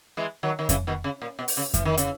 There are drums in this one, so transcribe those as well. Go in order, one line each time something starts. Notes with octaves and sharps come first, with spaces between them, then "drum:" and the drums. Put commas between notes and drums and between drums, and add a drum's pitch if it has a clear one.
E3 G#3
D#3 F#3
D#3
C#3 E3, drum: kick F2, hi-hat
B2 D#3
C#3
A#2
B2
drum: open hi-hat
C#3
E3, drum: kick F2, hi-hat
D#3
C#3, drum: hi-hat